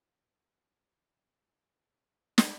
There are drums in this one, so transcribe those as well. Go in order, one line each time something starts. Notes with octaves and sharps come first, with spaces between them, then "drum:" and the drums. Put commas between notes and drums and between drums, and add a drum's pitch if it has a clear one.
D4
A#1
A#4
G2
drum: snare